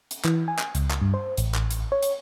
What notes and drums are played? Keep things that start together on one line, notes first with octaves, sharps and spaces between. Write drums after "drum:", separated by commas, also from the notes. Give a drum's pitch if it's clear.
drum: hi-hat
E3, drum: clap
G#5
drum: clap
C#2, drum: hi-hat
drum: clap
G2
C5
A1, drum: hi-hat
drum: clap
drum: hi-hat
C#5
drum: hi-hat